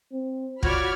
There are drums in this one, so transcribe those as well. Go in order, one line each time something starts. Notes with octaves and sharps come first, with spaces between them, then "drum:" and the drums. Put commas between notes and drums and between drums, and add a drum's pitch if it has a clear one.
C4
F4 F#4 C#5 D5 B5 F6 G#6, drum: kick